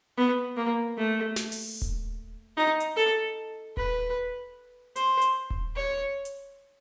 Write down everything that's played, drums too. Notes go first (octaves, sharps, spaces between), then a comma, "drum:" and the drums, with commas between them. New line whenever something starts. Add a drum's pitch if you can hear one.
B3
A#3
A3
drum: snare
drum: open hi-hat
drum: kick D#1
D#4
drum: hi-hat
A4
B4, drum: kick D#1
C5, drum: hi-hat
drum: hi-hat
drum: kick D#1
C#5
drum: hi-hat